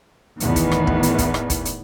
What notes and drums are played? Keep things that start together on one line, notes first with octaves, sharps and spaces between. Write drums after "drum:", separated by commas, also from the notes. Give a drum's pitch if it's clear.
E2 A2 D#3 E3 B3, drum: hi-hat
drum: kick, hi-hat
drum: rim click
drum: kick
drum: hi-hat
drum: kick, hi-hat
drum: rim click
drum: kick, hi-hat
drum: hi-hat